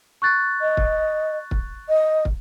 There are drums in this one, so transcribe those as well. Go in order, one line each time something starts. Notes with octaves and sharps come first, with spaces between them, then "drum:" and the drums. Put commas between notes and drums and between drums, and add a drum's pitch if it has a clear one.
C#6 F#6 A6
D#5
drum: kick
drum: kick
D#5
drum: kick